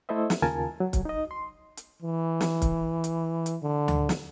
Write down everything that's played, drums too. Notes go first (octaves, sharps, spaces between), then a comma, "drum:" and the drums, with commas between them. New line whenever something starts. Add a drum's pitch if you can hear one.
A3 E4 A4 C5 D#5 E5
drum: snare
D#2 C#3 F4 A#4 G#5 A5
F#3
drum: kick, hi-hat
D#4 D#5
C6
drum: hi-hat
E3
drum: snare
drum: kick, hi-hat
drum: hi-hat
drum: hi-hat
D3
drum: tom D2
drum: snare